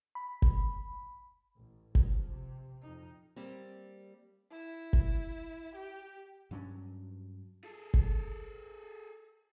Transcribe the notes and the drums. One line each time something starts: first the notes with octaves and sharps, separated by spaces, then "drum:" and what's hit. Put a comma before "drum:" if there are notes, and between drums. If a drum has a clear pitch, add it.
B5
drum: kick G1
A1
G#2 F3, drum: kick G1
C3
F2 D#4
G3 A#3 C4
E4
drum: kick G1
G4
G2 F#3 C#4 D4
G#4 A4
drum: kick G1